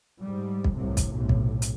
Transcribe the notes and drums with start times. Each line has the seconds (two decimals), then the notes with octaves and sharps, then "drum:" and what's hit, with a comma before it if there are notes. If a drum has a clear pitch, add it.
0.20 G#2 G3
0.64 drum: kick
0.74 G1 C2 A2 C3
0.97 drum: kick, hi-hat
1.13 B1 A2 C3
1.29 drum: kick
1.62 drum: hi-hat